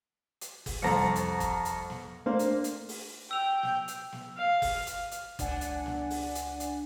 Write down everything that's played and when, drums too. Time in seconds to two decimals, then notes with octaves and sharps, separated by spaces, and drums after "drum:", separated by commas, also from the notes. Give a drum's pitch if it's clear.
0.41 drum: hi-hat
0.66 drum: kick, open hi-hat
0.82 C2 F2 A#5 A#6 C#7
1.15 drum: hi-hat
1.40 drum: kick, hi-hat
1.65 drum: hi-hat
1.90 drum: snare
2.26 A3 A#3 D4 C5
2.39 drum: hi-hat
2.64 drum: hi-hat
2.89 drum: open hi-hat
3.31 G5 E6 F7
3.63 drum: snare
3.88 drum: hi-hat
4.12 drum: snare
4.37 F5
4.62 drum: kick, open hi-hat
4.87 drum: hi-hat
5.11 drum: hi-hat
5.39 C#2 D4 D5 F#5 G#5, drum: kick, hi-hat
5.61 drum: hi-hat
5.86 drum: snare
6.10 drum: open hi-hat
6.35 drum: hi-hat
6.60 drum: hi-hat